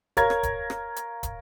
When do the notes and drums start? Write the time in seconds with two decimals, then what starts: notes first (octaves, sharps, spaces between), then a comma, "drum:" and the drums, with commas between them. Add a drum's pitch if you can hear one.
0.17 A#4 C#5 F5 A#5 G#6, drum: kick, hi-hat
0.30 drum: rim click
0.43 drum: kick, hi-hat
0.70 drum: rim click
0.96 drum: hi-hat
1.23 drum: kick, hi-hat